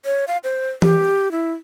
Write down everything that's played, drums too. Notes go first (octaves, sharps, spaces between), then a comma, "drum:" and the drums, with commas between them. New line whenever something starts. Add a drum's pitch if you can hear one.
C#5
F5
C5
G4, drum: tom E3
E4